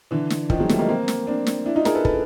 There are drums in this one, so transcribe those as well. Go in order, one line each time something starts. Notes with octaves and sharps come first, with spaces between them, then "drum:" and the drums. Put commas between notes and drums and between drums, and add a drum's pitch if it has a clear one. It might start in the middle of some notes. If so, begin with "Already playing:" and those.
D3 E3
drum: snare
D#3 F3, drum: kick
F#3 G#3
G3 A3, drum: snare
G#3 A#3
A#3 C4
drum: snare
C4 D4
drum: snare
D4 E4
D#4 F4
G#4 A#4, drum: snare
A4 B4
A4 B4, drum: kick